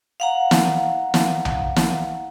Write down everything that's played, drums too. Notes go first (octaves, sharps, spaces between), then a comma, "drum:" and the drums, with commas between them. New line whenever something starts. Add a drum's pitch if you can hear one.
F5 F#5 A#5
drum: snare
drum: snare
drum: tom B1
drum: snare